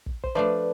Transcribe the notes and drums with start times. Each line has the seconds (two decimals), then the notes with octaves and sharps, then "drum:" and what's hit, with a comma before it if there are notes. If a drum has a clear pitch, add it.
0.06 drum: kick
0.24 C5, drum: kick
0.35 F3 A3 D4 B4 D5